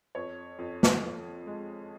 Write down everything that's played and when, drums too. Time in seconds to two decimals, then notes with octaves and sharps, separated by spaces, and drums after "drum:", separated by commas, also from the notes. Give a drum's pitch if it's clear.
0.15 F2 C#5
0.58 F2
0.83 drum: snare
1.03 F3
1.46 G#3